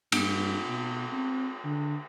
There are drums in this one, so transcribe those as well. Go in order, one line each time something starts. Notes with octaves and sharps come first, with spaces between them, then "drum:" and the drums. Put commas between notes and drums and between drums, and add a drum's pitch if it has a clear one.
G2, drum: cymbal
B2
C4
D3